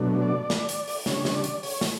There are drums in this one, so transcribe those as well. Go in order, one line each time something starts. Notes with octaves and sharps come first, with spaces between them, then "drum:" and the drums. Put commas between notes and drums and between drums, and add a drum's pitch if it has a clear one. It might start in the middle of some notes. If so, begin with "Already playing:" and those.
Already playing: B2 F#3 A3 D4
D5
drum: snare
drum: hi-hat
drum: open hi-hat
C#3 G3 D4 C#5, drum: snare
drum: snare
D5
drum: hi-hat
C#5, drum: open hi-hat
drum: snare